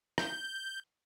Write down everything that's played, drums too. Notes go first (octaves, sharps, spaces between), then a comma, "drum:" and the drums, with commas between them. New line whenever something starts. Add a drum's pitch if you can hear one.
G6, drum: rim click